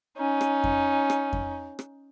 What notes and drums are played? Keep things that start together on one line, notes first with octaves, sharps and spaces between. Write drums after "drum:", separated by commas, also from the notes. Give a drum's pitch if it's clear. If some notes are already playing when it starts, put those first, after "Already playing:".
C#4 D#4
drum: rim click
drum: kick F2
drum: rim click
drum: kick F2
drum: rim click